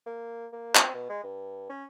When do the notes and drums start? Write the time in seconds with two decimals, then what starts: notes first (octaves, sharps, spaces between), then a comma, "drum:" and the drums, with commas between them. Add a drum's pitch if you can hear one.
0.06 A#3
0.52 A#3
0.75 C4, drum: clap
0.94 B2
1.09 G#3
1.23 G2
1.69 C#4